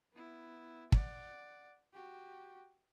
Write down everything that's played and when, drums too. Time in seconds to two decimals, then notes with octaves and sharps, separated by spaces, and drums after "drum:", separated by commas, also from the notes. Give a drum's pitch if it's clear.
0.13 B3 E4
0.92 D5 F#5, drum: kick
1.93 F#4 G4